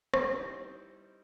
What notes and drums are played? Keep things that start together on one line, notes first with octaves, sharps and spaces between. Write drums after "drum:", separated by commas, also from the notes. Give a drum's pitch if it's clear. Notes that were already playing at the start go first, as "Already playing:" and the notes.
drum: rim click
G3 D#4 E4 C5